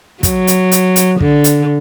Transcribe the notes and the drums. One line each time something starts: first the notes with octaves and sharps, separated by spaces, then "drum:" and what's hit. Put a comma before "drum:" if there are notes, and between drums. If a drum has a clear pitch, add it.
F#3, drum: kick, hi-hat
drum: hi-hat
drum: hi-hat
drum: hi-hat
D3, drum: kick
drum: hi-hat